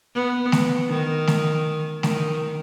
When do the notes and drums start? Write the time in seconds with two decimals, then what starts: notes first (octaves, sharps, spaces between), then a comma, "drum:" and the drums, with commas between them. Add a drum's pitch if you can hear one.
0.15 B3
0.52 drum: snare A3
0.89 D#3
1.27 drum: snare A3
2.03 D#3, drum: snare A3